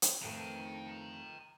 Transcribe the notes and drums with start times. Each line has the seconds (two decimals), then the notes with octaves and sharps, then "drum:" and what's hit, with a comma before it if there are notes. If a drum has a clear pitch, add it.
0.02 drum: hi-hat
0.22 F2 D#3 A3 G5 A#5